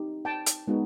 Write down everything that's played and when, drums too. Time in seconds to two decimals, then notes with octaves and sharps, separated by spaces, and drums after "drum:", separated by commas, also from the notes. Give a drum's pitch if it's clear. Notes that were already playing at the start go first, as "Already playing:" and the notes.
Already playing: C4 D#4 G4
0.25 G5 A5
0.46 drum: hi-hat
0.67 G#3 B3 D#4 F#4